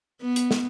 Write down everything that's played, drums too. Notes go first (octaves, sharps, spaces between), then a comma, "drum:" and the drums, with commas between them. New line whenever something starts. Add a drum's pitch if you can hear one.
B3
drum: hi-hat
drum: snare